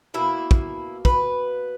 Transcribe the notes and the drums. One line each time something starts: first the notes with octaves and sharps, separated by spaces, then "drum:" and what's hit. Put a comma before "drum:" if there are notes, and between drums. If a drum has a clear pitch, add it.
B2 A#3 E4
drum: kick
B4, drum: kick